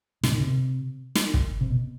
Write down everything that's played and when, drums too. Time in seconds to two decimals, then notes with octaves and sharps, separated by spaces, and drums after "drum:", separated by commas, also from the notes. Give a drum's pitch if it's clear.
0.23 C3, drum: snare
0.32 B2
0.41 C3
1.15 drum: snare
1.34 drum: kick
1.61 C3
1.70 B2